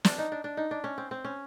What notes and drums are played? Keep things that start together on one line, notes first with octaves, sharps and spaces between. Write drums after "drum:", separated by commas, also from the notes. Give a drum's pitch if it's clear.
D4, drum: snare
D#4
D4
D4
D#4
D4
C#4
C4
C4
C#4